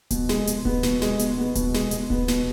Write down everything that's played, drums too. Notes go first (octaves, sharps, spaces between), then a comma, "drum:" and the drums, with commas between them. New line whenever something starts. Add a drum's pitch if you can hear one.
B2, drum: kick D1, hi-hat
G#3, drum: snare
B2, drum: hi-hat
B3, drum: kick D1
B2, drum: snare
G#3, drum: snare
B2, drum: hi-hat
B3
B2, drum: kick D1, hi-hat
G#3, drum: snare
B2, drum: hi-hat
B3, drum: kick D1
B2, drum: snare